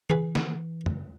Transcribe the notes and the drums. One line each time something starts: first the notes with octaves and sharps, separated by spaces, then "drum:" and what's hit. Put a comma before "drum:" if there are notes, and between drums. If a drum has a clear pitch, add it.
E3 G#4 B4
drum: snare
drum: tom